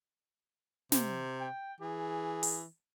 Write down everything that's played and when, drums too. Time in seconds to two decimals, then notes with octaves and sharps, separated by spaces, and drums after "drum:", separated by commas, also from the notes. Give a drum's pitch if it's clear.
0.92 C3, drum: snare
1.40 G5
1.81 E3 G#4
2.43 drum: open hi-hat